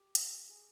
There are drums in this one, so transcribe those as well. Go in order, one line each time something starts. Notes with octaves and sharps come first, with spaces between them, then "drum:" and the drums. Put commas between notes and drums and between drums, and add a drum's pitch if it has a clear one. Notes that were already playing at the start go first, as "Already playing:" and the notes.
Already playing: G4
drum: hi-hat
G#4